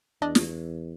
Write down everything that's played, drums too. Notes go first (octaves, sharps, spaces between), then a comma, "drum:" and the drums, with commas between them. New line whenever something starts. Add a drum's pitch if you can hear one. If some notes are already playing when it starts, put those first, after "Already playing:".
E2 D4 D5 D#5
drum: snare